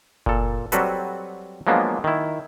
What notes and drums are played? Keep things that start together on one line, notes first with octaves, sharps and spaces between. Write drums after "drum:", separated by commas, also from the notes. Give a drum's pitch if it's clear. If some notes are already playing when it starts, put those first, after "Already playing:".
A#2 A4, drum: kick F#1
F#3 G3 C4 F#4 A4 B4, drum: hi-hat
F3 F#3 G#3 A#3 B3 D4
D#3 E4